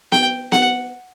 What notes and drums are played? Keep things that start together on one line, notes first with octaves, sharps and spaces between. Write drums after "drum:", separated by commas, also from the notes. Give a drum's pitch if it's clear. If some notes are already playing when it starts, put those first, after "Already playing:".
G5, drum: snare B3
F#5, drum: snare B3